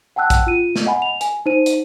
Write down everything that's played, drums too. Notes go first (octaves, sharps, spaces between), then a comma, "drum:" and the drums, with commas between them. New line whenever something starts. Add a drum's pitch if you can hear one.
F#5 G5 A5 E6 F#6
drum: kick A1, hi-hat
F4 D#7
drum: snare
D#5 F#5 G#5 B5
F7
G#5, drum: hi-hat
D#4 C5 D#7
drum: hi-hat